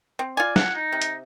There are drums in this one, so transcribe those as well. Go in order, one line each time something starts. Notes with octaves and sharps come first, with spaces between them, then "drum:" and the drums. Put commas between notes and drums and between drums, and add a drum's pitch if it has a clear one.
C4
F4 D5 G#5
F#5, drum: snare
D#4
C3
drum: hi-hat